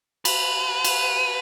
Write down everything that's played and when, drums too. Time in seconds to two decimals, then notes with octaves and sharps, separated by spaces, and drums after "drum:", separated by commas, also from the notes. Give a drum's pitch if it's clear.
0.25 B4, drum: cymbal
0.84 drum: cymbal